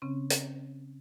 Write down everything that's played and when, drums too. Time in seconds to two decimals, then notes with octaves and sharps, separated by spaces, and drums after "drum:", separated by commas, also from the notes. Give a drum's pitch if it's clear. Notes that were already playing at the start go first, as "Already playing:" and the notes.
0.02 C#3 C4 C#4
0.30 drum: hi-hat